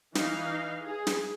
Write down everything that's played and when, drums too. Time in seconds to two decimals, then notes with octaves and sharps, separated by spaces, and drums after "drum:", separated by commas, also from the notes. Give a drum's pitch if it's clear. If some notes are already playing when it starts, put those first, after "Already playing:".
0.15 E3 D#4 F5, drum: snare
0.84 G#4
1.07 drum: snare